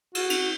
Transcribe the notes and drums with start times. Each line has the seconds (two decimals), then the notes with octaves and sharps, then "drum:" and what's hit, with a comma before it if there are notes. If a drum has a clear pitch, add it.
0.15 F#4, drum: cymbal
0.30 drum: cymbal